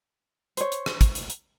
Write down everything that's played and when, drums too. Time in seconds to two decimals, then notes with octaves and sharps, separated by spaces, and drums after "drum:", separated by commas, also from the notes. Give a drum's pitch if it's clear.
0.57 C5 C#5, drum: hi-hat
0.72 drum: hi-hat
0.86 drum: rim click
1.01 drum: kick, hi-hat
1.15 drum: hi-hat
1.30 drum: hi-hat